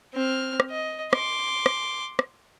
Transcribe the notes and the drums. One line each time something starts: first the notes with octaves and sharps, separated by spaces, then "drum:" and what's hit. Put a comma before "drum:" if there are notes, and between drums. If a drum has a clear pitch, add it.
C4 F6
drum: rim click
D#5
C6 D6, drum: rim click
drum: rim click
drum: rim click